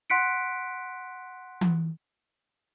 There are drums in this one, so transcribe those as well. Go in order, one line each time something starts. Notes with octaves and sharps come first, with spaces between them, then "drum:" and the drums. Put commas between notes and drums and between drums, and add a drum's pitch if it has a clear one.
F#5 C6 F#6 B6 C#7 D7
drum: tom E3